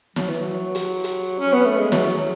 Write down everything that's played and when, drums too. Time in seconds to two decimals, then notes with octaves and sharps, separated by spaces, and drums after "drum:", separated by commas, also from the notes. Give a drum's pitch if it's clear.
0.16 F#3, drum: snare
0.28 E3
0.39 F#3
0.75 drum: hi-hat
1.04 drum: hi-hat
1.39 C#4
1.52 B3
1.66 A3
1.79 G#3
1.92 F#3, drum: snare